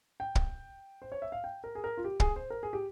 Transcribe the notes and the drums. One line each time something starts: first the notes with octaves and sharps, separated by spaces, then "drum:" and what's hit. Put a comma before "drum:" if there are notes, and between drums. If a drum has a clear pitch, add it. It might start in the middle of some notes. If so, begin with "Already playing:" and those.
G5
drum: kick
C5
C#5
E5
F5
G5
A#4
G#4
A#4
F4
G4
G#4, drum: kick
C5
A#4
G#4
G4